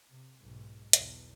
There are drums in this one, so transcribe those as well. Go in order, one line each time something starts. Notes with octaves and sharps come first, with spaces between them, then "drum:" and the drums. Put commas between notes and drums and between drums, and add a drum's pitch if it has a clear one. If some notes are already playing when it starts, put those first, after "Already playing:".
C3
B1 G#2
B1 E2, drum: hi-hat